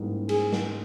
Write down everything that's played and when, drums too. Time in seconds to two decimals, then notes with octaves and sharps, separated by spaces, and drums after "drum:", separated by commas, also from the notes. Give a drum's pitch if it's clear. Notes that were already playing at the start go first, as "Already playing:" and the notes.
Already playing: G#2 E3 G3 A#3 C#4
0.29 G#4, drum: cymbal
0.52 drum: snare